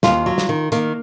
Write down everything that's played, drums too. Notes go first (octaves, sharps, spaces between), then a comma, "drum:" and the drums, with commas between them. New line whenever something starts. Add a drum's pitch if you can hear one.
D#2 F4, drum: snare
F#3
drum: snare
D#3
D#3 A#3, drum: hi-hat